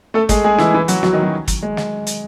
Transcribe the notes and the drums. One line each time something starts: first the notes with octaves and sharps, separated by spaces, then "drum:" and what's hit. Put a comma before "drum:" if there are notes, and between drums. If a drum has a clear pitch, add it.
A3 A4
G#3 G#4, drum: kick, hi-hat
G#3 G#4
E3 E4, drum: snare
E3 E4
F#3 F#4, drum: hi-hat
F#3 F#4, drum: snare
D#3 D#4
F#3
drum: kick, hi-hat
G#3
drum: snare
drum: hi-hat